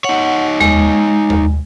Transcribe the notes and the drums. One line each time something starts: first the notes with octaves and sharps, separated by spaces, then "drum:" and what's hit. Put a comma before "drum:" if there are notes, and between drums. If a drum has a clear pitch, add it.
D#4 C#5 F#5
G#3, drum: tom D#2
drum: tom D#2